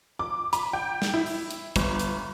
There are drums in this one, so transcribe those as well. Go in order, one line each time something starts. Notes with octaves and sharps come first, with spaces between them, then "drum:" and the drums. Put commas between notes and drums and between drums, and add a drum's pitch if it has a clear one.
D6
B5, drum: hi-hat
G5
drum: snare
E4
drum: open hi-hat
drum: hi-hat
G1, drum: kick, hi-hat
drum: hi-hat